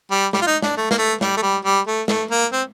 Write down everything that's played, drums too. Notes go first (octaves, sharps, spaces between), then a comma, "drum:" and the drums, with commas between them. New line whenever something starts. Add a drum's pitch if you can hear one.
G3
G3, drum: snare
F4
D#4
D4, drum: snare
A3
A#3, drum: snare
A3
G3, drum: snare
A3
G3
G3
A3
A3, drum: snare
A#3
C4